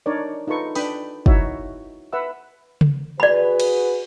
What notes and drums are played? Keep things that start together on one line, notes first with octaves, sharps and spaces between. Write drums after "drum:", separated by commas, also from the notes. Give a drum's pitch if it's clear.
D4 D#4 A#4 C#5 D5
D#4 F4 A4 B4 C#6
D4 B4 G5 B5 D#6, drum: open hi-hat
D#4 E4 F#4 C#5 E5, drum: kick
B4 E5 F#5 E6
drum: tom C#3
F#4 G#4 B4 D5 B5
drum: cymbal